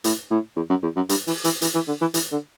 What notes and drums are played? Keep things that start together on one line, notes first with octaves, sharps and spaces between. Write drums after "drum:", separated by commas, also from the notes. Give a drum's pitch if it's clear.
A2, drum: hi-hat
A2
E2
F#2
E2
F#2
G2, drum: hi-hat
E3, drum: open hi-hat
E3, drum: hi-hat
E3, drum: hi-hat
E3
D3
E3
E3, drum: hi-hat
D3